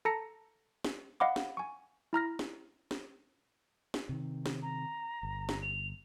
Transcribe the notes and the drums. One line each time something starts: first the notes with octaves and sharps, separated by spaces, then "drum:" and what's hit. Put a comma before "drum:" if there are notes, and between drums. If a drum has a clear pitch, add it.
A4 A5 A#5 A#6 C#7
drum: snare
D#5 F5 F#5 B5 D6
drum: snare
G#5 C#6
E4 A#5 F6 A#6
drum: snare
drum: snare
drum: snare
C3 D#3
drum: snare
A#5
G1
drum: snare
F7